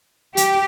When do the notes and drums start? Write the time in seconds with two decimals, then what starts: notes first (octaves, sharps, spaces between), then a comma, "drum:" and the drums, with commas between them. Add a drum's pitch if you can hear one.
0.37 G4, drum: hi-hat